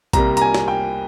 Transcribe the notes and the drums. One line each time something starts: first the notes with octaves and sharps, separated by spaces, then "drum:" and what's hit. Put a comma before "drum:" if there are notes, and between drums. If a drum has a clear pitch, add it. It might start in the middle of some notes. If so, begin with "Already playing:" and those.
C2 C3 G3 A#3 A#5, drum: kick, hi-hat
A#5, drum: hi-hat
G#5
drum: snare
G5